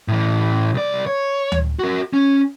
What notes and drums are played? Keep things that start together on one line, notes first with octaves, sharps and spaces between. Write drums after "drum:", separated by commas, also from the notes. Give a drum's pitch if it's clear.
A2 E3
C2 D5
C#5
drum: tom D2
F#4 A#4
C#4